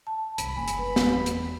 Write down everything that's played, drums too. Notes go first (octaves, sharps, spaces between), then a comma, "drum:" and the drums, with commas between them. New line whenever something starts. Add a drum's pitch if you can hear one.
A5
C2 B5, drum: hi-hat
F#1 G#5
drum: hi-hat
B4
E2, drum: snare
drum: hi-hat